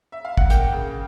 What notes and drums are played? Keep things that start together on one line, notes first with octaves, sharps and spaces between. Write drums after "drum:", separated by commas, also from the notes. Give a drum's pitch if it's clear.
E5
F5
F#5, drum: kick
A#3 G5, drum: hi-hat
C#3